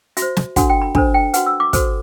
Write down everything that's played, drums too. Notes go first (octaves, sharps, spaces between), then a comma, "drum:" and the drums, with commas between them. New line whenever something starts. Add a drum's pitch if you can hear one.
F#4 E5, drum: hi-hat
C5
drum: snare
D4 F#4 A4 F#5, drum: kick, hi-hat
G5
B5
D4 A4 C5 B5, drum: kick
G5
F#4 B4 F#5, drum: hi-hat
E6
D6
F#4 A4 C5, drum: kick, hi-hat